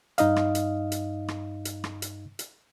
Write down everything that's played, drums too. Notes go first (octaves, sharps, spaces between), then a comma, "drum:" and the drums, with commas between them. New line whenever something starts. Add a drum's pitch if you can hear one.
G2 D#4 D#5 F5, drum: hi-hat
drum: rim click
drum: hi-hat
drum: hi-hat
drum: rim click
drum: hi-hat
drum: rim click
drum: hi-hat
drum: hi-hat